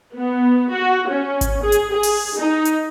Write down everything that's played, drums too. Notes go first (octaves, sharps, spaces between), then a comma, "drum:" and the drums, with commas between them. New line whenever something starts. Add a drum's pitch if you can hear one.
B3
F#4
C#4
drum: kick G#1, hi-hat
G#4
drum: hi-hat
G#4
drum: open hi-hat
D#4
drum: hi-hat